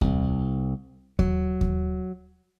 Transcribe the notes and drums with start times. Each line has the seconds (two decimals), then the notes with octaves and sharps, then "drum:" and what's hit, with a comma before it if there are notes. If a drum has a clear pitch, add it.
0.01 C2 C3, drum: kick D#2
1.19 F#3, drum: kick D#2
1.61 drum: kick D#2